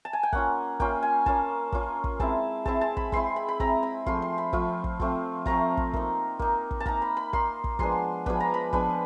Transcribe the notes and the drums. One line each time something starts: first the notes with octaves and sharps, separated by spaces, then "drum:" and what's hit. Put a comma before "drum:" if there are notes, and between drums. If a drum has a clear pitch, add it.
A5
G#5
G5
A#3 C#4 F4 F#5, drum: kick
A#3 C#4 F4 G5, drum: kick
G#5
A#3 C#4 F4 A5, drum: kick
A#3 C#4 F4, drum: kick
drum: kick
G#3 C4 E4 A5, drum: kick
G#3 C4 E4 A5, drum: kick
A5
B5, drum: kick
G#3 C4 E4 C6, drum: kick
B5
B5
G#3 C4 E4 A#5, drum: kick
B5
F3 A3 C4 F4 C6, drum: kick
C6
B5
F3 A3 C4 F4, drum: kick
drum: kick
F3 A3 C4 F4, drum: kick
F3 A3 C4 F4 A#5, drum: kick
drum: kick
A#3 D#4, drum: kick
A#3 D#4, drum: kick
drum: kick
A5
A#3 D#4 A#5, drum: kick
B5
B5
A#3 D#4 C6, drum: kick
drum: kick
F3 G#3 B3 D4 C6, drum: kick
F3 G#3 B3 D4 B5, drum: kick
A#5
B5
F3 G#3 B3 D4 B5, drum: kick